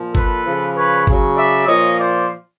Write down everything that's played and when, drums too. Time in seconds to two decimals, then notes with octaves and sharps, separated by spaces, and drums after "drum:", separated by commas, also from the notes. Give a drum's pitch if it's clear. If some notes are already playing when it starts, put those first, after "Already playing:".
Already playing: A#2 F3
0.15 A4 B4, drum: kick G1
0.46 C#3 F3
0.76 B4 C#5
1.07 C#3 F#3, drum: kick G1
1.37 D5 E5
1.67 A#2 F3 C#5 D#5
1.98 C5 D5